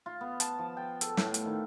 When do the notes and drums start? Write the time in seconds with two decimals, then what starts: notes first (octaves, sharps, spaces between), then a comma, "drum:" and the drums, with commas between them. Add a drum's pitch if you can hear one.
0.06 F4
0.21 B3
0.40 A5, drum: hi-hat
0.59 F3
0.77 G5
1.01 A4, drum: hi-hat
1.17 A2, drum: snare
1.34 drum: hi-hat
1.45 D#3